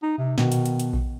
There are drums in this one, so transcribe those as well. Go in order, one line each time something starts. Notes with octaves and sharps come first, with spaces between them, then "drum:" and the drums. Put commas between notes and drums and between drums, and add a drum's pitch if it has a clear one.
D#4
C3
B2 D#3, drum: snare
drum: hi-hat
drum: hi-hat
drum: hi-hat
drum: kick A#1